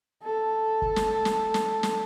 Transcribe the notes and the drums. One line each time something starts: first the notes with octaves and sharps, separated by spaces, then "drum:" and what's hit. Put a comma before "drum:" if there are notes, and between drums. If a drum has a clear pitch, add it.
A4
drum: kick
drum: snare
drum: snare
drum: snare
drum: snare